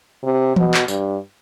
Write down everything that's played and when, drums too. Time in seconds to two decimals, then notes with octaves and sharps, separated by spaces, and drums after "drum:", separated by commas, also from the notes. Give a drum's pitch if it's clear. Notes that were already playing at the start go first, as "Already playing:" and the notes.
0.24 C3
0.56 B2, drum: tom E3
0.74 drum: clap
0.88 G2, drum: tambourine